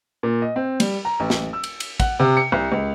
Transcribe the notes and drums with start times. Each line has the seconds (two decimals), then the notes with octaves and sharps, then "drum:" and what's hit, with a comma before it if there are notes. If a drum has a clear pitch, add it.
0.23 A#2
0.42 D#5
0.56 C4
0.80 G3, drum: cymbal
1.05 A#5
1.20 A1
1.30 drum: snare
1.53 E6
1.64 drum: cymbal
1.80 drum: cymbal
2.00 F#5, drum: kick, cymbal
2.19 C3
2.37 C#7
2.52 C2
2.72 C#2